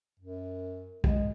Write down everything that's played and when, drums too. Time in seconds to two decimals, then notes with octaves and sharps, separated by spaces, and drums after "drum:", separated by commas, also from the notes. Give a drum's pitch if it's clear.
0.20 F#2
1.04 G#3, drum: kick